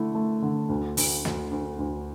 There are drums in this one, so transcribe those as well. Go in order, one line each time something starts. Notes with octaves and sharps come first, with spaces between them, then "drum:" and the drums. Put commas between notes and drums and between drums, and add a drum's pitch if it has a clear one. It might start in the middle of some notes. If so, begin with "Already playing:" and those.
Already playing: D3 A3 E4
A3
D3
D2
D2, drum: open hi-hat
D2, drum: snare
D2
D2